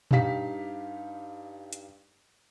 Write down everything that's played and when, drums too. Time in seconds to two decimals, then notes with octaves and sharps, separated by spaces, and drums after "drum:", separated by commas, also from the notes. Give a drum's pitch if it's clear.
0.11 G2 D#4 G4 F5 B6, drum: tom A#2
1.73 drum: hi-hat